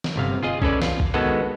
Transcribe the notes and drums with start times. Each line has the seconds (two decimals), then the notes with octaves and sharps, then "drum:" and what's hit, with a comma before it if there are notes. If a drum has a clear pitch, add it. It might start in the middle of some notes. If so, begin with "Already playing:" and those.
0.04 drum: snare
0.16 G1 C3 F5
0.43 F4 G#4 D#5
0.62 C#4 A4 B4 D5, drum: kick A#1
0.82 F4, drum: snare
1.00 drum: kick A#1
1.14 D#3 G#3 B3 F#4 A4 B4